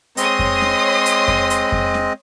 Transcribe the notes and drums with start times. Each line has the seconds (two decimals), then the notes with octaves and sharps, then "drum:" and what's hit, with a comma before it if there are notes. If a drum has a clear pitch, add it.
0.17 G#3 C4 C#5 D#5 C6 D#6, drum: hi-hat
0.39 drum: kick F2
0.61 drum: snare
1.06 drum: hi-hat
1.28 drum: kick F2
1.50 drum: hi-hat
1.72 drum: kick F2
1.94 drum: snare